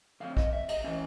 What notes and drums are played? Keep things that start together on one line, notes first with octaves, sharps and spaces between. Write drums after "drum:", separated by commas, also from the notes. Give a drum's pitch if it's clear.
D3 F3 A3 C4 F5
D#5, drum: kick A#1
E5
D#5, drum: cymbal
E3 G#3 C#4 E5